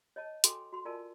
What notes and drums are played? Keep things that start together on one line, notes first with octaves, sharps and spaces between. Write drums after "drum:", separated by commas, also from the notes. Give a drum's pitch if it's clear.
C#5 D#5 A5
F#4 A4 G5 G#5 C6 D6, drum: hi-hat
F#4 C6
F4 A#4 D5 G#5 A5